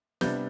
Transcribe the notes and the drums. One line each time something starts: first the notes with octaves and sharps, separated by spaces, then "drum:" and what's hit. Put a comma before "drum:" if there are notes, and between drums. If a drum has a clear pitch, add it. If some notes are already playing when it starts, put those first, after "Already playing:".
C3 G3 B3 D4 G6, drum: snare